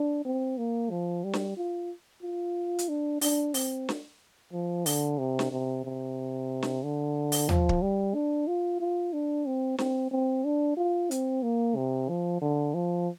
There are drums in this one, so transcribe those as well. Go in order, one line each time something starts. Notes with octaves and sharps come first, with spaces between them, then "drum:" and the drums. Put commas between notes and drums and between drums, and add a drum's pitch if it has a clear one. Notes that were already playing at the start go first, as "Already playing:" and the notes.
Already playing: D4
C4
A#3
F3
G3
drum: snare
F4
F4
drum: hi-hat
D4
D4, drum: open hi-hat
C4, drum: open hi-hat
drum: snare
F3
D3, drum: open hi-hat
C3
drum: snare
C3
C3
drum: snare
D3
drum: open hi-hat
F3, drum: tom D#2
drum: kick
G3
D4
F4
F4
D4
C4
C4, drum: snare
C4
D4
F4
C4, drum: hi-hat
A#3
C3
F3
D3
F3